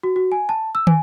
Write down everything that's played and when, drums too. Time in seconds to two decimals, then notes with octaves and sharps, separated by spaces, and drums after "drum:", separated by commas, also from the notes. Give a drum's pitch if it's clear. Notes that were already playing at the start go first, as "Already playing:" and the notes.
0.03 F#4
0.16 F#4
0.32 G#5
0.49 A5
0.75 E6
0.87 G#5, drum: tom